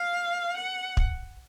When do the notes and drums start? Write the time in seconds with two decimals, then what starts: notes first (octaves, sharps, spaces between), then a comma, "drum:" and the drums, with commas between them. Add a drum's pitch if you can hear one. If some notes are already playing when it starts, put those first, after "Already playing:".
Already playing: F5
0.57 F#5
0.97 drum: kick